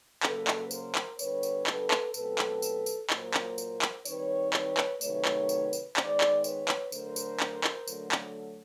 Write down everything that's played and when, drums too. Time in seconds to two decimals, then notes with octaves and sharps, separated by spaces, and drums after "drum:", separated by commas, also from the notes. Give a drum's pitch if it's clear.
0.23 C#3 F#3 A#3 A4 B4, drum: clap
0.47 drum: clap
0.71 A#4 C5, drum: tambourine
0.95 drum: clap
1.19 D3 G3 B3 B4 C#5, drum: tambourine
1.43 drum: tambourine
1.67 A4 B4, drum: clap
1.91 drum: clap
2.14 B2 F#3 A3 C4 A4 B4, drum: tambourine
2.39 drum: clap
2.62 drum: tambourine
2.86 drum: tambourine
3.10 A#2 F#3 A#3 A#4 C5, drum: clap
3.34 drum: clap
3.58 drum: tambourine
3.82 drum: clap
4.05 D#3 G3 C4 B4 C#5, drum: tambourine
4.53 B4 C#5, drum: clap
4.77 drum: clap
5.01 C3 D#3 F#3 A3 B4 C#5, drum: tambourine
5.25 drum: clap
5.49 drum: tambourine
5.73 drum: tambourine
5.97 D#3 G#3 B3 C5 D5, drum: clap
6.21 drum: clap
6.44 B4 C#5, drum: tambourine
6.68 drum: clap
6.92 D3 F#3 A3 A#4 C5, drum: tambourine
7.16 drum: tambourine
7.40 drum: clap
7.64 drum: clap
7.88 D3 F#3 A3, drum: tambourine
8.12 drum: clap